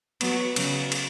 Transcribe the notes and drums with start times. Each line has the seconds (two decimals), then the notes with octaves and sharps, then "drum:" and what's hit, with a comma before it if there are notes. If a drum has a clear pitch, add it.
0.21 F#3 B3, drum: cymbal
0.56 C#3 F#3, drum: cymbal
0.92 drum: cymbal